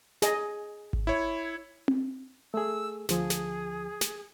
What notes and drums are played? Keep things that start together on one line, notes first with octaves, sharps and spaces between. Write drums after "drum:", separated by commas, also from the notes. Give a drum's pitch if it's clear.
G#4 D#5, drum: snare
drum: kick G#1
E4 C#5
drum: tom C4
A3 G#4 E6
D2 F3 G#4, drum: snare
drum: snare
drum: snare